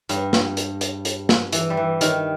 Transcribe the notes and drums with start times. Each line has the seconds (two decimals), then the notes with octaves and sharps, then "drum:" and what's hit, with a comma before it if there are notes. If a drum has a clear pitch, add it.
0.09 G2, drum: hi-hat
0.33 drum: snare
0.57 drum: hi-hat
0.81 drum: hi-hat
1.05 drum: hi-hat
1.29 drum: snare
1.52 E3, drum: hi-hat
1.70 G3
1.77 E3
2.01 D#3, drum: hi-hat